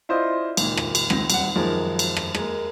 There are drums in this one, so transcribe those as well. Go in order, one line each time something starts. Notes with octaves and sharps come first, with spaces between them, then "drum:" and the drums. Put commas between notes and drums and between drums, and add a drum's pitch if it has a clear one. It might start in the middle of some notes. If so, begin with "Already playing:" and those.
E4 F4 C5 D5 D#5
C#2 A#2 D#3, drum: cymbal
drum: rim click
drum: cymbal
C#2 D#3 C4 A#6, drum: rim click
D#1 G3 F#5, drum: cymbal
F#2 D#3 F3 G#3 A#3
drum: cymbal
drum: rim click
G#3 A#3 A#4, drum: rim click